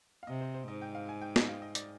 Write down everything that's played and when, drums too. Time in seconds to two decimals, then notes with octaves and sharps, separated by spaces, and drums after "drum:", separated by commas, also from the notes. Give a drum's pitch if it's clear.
0.23 F5
0.27 C3 D#5
0.41 C5
0.54 C5
0.68 G#2 D#5
0.82 G5
0.95 F5
1.09 G#5
1.22 G5
1.36 D#5, drum: snare
1.49 F5
1.62 D#5
1.75 D5, drum: hi-hat